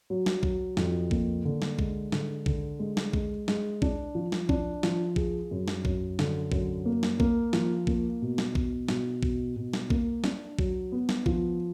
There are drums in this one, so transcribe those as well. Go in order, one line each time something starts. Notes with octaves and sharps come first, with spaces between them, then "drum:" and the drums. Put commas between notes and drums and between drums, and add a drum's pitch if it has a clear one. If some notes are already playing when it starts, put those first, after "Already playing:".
F#3
drum: snare
F#3, drum: kick A#1
F2, drum: snare
A#3, drum: kick A#1
D3
drum: snare
G#3, drum: kick A#1
D3, drum: snare
D3, drum: kick A#1
G#3
drum: snare
G#3, drum: kick A#1
G#3, drum: snare
D4, drum: kick A#1
F3
drum: snare
D4, drum: kick A#1
F3, drum: snare
G#4, drum: kick A#1
F#2
drum: snare
F#2, drum: kick A#1
D3, drum: snare
F#2, drum: kick A#1
A#3
drum: snare
A#3, drum: kick A#1
F3, drum: snare
A#3, drum: kick A#1
B2
drum: snare
B2, drum: kick A#1
B2, drum: snare
B2, drum: kick A#1
B2
drum: snare
A#3, drum: kick A#1
D4, drum: snare
F#3, drum: kick A#1
B3
drum: snare
F3, drum: kick A#1